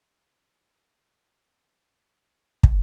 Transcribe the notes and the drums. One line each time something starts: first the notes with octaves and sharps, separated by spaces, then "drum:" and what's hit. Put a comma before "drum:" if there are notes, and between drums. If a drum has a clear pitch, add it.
E4
F#4
drum: kick